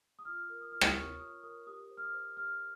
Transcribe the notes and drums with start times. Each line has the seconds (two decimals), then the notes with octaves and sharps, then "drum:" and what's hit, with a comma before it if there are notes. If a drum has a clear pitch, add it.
0.19 D#6
0.25 F4 F6
0.49 A#4
0.61 D#6
0.72 F4 F6
0.81 D#6, drum: rim click
0.96 C#5 C#6
1.20 F4 D#6
1.43 A#4 D#6
1.67 G4 D#6
1.90 C5
1.97 F6
2.02 D#6
2.14 C5
2.37 G4 F6